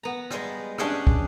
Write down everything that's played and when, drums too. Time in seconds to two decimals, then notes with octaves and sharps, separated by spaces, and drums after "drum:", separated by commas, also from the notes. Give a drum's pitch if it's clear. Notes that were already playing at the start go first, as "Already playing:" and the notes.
0.03 B3 A#5
0.31 G3 G#3, drum: rim click
0.78 C#4 D4 G4 G#4 F#5 G5, drum: rim click
1.07 drum: kick